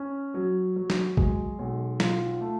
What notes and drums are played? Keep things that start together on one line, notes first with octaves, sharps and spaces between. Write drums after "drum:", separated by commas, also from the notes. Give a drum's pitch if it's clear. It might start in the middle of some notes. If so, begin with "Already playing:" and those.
Already playing: C#4
F#3
F#3
drum: snare
G#3, drum: kick A1
B1
F4, drum: snare
A3